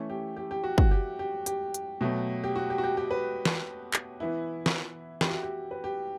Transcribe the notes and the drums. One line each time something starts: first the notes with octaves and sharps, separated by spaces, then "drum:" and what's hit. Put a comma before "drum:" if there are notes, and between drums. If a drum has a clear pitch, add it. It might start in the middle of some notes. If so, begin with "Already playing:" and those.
Already playing: E3 A3 C#4 E4
G4
G4
G4
F#4
F#4, drum: kick
G4
G4
G4, drum: hi-hat
drum: hi-hat
B2 F#3 A3
G4
F#4
G4
F#4
G4
G4
B4
drum: snare
drum: clap
E3 B3 E4
drum: snare
G4, drum: snare
F#4
G4
B4
G4